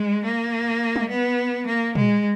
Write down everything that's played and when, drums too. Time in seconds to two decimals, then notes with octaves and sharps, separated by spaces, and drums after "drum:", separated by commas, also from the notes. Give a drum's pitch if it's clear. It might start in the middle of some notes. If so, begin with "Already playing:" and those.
Already playing: G#3
0.24 A#3
0.96 drum: tom G3
1.10 B3
1.66 A#3
1.95 G#3, drum: tom A#2